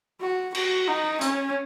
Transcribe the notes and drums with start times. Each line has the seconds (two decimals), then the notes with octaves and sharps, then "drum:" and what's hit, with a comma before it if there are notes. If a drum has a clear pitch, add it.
0.21 F#4
0.55 F#4, drum: cymbal
0.88 D#4
1.21 C#4, drum: hi-hat